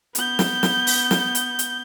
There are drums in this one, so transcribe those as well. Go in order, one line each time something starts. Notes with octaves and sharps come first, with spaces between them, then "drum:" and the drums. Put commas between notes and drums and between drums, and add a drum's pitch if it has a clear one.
B3 G6, drum: hi-hat
drum: snare
drum: snare
drum: open hi-hat
drum: snare
drum: hi-hat
drum: hi-hat